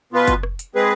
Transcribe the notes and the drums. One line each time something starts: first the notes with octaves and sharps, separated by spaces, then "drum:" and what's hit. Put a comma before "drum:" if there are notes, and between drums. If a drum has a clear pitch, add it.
B2 B3 F4 B4
drum: kick, hi-hat
drum: rim click
drum: hi-hat
G#3 C4 G#4 B4